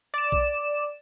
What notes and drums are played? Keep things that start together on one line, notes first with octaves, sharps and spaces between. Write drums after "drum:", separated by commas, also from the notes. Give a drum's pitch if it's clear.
D5 E7
drum: kick A#1